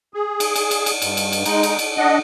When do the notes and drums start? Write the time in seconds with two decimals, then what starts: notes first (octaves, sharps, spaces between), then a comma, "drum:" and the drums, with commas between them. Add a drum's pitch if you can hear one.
0.14 G#4
0.40 drum: cymbal
0.56 drum: cymbal
0.71 drum: cymbal
0.86 drum: cymbal
1.02 G2, drum: cymbal
1.17 drum: cymbal
1.32 drum: cymbal
1.45 G#3 D#4, drum: cymbal
1.63 drum: cymbal
1.79 drum: cymbal
1.98 D4 D#5 F#5